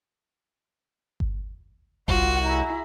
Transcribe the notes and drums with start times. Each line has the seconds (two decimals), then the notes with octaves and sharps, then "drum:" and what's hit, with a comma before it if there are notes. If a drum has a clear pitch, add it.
1.20 drum: kick G1
2.08 C2 F4 F#4 F#5, drum: kick G1
2.44 E4 G#4 A#5